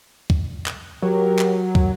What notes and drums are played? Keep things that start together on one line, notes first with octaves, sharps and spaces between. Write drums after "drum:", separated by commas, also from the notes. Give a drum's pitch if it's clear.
drum: kick
drum: clap
F#3 G4 A#4
drum: clap
drum: kick